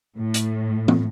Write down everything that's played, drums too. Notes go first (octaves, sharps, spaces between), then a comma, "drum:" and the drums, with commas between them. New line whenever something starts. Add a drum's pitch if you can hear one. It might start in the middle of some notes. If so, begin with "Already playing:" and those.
A2
drum: hi-hat
drum: tom